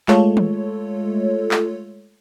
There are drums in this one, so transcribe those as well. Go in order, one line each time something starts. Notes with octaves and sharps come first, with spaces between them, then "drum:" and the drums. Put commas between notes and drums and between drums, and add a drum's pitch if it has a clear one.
G#3 A3 F4 A4 C#5, drum: clap
drum: tom
drum: clap